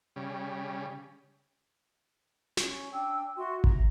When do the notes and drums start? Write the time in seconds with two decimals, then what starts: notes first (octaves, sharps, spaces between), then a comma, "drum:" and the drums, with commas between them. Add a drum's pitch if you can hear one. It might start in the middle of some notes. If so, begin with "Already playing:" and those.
0.16 C#3 G3
2.57 C#4, drum: snare
2.93 D4 G5 E6
3.37 F#4 E5 C6
3.64 A#5, drum: kick G#1